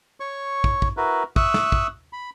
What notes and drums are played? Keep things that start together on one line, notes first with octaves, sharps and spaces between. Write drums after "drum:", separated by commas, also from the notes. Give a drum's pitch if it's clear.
C#5 C#6
drum: kick
drum: kick
E4 F#4 A#4 B4
E5 C#6 D#6 E6 F#6, drum: kick
drum: snare
drum: kick
B5